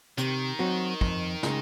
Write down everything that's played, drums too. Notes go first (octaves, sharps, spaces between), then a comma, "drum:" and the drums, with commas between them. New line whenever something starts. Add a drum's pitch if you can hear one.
C3 D#3, drum: hi-hat
F#3 C4 F#4
F2, drum: kick
C#3 G#3 D#4, drum: snare